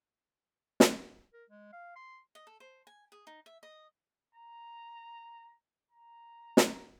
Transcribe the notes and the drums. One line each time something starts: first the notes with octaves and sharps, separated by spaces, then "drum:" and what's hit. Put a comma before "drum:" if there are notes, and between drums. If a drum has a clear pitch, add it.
drum: snare
A#4
G#3
F5
C6
D#5
A4
C5
G#5
G#4
D#4
E5
D#5
A#5
A#5
drum: snare